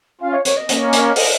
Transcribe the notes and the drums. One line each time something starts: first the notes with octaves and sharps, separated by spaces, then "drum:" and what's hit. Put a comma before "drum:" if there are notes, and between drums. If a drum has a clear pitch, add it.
C#4 F4 F5
C#5
C#5, drum: hi-hat
D#5
A#3 C#4, drum: hi-hat
drum: hi-hat
D#5, drum: open hi-hat